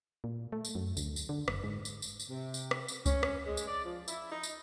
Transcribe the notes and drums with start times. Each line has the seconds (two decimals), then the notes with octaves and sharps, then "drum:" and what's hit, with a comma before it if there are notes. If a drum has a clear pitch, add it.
0.24 A#2
0.52 A3
0.65 drum: tambourine
0.75 F#2
0.97 D2, drum: tambourine
1.16 drum: tambourine
1.29 D3
1.48 F#1, drum: rim click
1.64 G#2
1.85 drum: tambourine
2.02 drum: tambourine
2.20 drum: tambourine
2.29 C3
2.54 drum: tambourine
2.71 drum: rim click
2.88 drum: tambourine
3.06 C#4, drum: kick C#2, tambourine
3.23 drum: rim click
3.46 G#3
3.57 drum: tambourine
3.67 D5
3.85 F3
4.08 E4, drum: tambourine
4.32 D#4
4.43 drum: tambourine